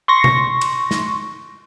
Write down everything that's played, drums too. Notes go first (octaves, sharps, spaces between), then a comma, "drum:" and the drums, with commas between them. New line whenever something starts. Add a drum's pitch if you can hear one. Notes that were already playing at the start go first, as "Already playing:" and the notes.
C6 C#6 A#6
drum: tom B2
drum: cymbal
drum: snare